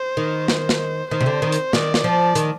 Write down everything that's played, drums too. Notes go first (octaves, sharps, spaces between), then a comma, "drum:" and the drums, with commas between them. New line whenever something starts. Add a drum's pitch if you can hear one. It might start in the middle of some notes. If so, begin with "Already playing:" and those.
Already playing: C5
D#3
drum: snare
drum: snare
D#3 C5
C3
D3
D#3
drum: hi-hat
D#3 D5, drum: snare
drum: snare
F3
D#3, drum: hi-hat